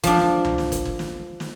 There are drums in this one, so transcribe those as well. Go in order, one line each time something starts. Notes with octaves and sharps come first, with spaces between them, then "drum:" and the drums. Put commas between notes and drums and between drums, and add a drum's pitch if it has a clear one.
F3 D4, drum: kick, hi-hat
drum: snare
drum: tom C#2
drum: snare
drum: kick, hi-hat
drum: kick
drum: snare
drum: snare